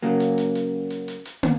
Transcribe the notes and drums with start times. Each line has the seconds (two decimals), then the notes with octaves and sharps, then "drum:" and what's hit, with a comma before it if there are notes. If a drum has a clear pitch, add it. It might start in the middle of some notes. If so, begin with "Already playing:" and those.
0.03 C#3 F#3 A#3
0.20 drum: hi-hat
0.38 drum: hi-hat
0.55 drum: hi-hat
0.90 drum: hi-hat
1.08 drum: hi-hat
1.25 drum: hi-hat
1.43 drum: tom